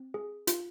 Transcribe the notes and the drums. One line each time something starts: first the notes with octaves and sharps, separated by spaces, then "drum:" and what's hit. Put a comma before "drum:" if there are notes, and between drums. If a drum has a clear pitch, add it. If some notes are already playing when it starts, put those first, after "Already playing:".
Already playing: C4
G#4
F4, drum: hi-hat